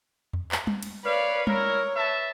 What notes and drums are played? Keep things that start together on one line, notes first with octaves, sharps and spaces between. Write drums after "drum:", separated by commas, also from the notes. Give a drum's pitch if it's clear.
drum: tom E2
drum: clap
drum: tom
drum: cymbal
B4 C#5 D5 F5
E4 A#4 C#5, drum: tom
B4 E5 A5